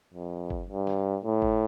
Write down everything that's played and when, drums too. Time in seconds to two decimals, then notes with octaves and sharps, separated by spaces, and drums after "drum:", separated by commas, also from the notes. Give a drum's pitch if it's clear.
0.14 F2
0.50 drum: kick G1
0.69 G2
0.87 drum: snare
1.24 A2
1.42 drum: kick G1